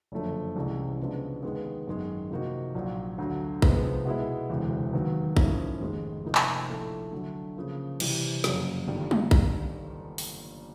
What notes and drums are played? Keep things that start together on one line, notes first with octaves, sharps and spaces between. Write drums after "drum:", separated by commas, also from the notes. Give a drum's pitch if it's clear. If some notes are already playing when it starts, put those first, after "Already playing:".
F#1 F2 D3 F3 A3
C2 C3 E3 G#3 C#4
C#3 F3 G#3 B3 D4
D#2 D#3 G#3 B3
G#1 F#2 D#3 G#3
C3 F3 A#3 D#4 F#4
A#1 A#2 F#3
D2 D3 F#3
C3 F3 G#3 B3 D#4, drum: kick
B2 G#3 B3 E4
E1 D2 C3 E3
D#2 D#3 F#3 B3
G#2 F3 A#3 C#4 E4, drum: kick
F1 D#2 D#3 G#3
C3 F3 A#3 D#4
drum: clap
A#1 A2 F3 A3
D3 F#3 A3
C#3 F3 A#3
C3 E3 G3, drum: cymbal
F#1 F2 C#3 F#3, drum: snare
G1 G2 D#3 G3
drum: tom G3
drum: kick
drum: open hi-hat